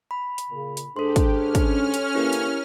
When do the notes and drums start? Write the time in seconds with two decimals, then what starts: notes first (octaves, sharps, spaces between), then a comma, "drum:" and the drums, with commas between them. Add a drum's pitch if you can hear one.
0.11 B5
0.38 drum: hi-hat
0.50 A#2 C#3
0.77 drum: hi-hat
0.96 G#2 D4 G4 A4 C6
1.16 drum: kick, hi-hat
1.29 C#4 F6
1.55 drum: kick, hi-hat
1.94 drum: hi-hat
2.15 D3 E3 A#3 E4 G4 A#4
2.33 drum: hi-hat